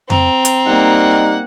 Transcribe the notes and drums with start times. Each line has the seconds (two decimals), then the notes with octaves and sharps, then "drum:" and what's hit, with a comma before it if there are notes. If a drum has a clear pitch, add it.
0.10 C4 A#5, drum: tom F2
0.45 drum: hi-hat
0.66 G3 A#3 D#4 F#5